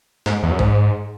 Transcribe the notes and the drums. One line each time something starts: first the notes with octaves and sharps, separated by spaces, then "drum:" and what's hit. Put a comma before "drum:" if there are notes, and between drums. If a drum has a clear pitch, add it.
G#2, drum: snare
E2
F#2
G#2, drum: kick A1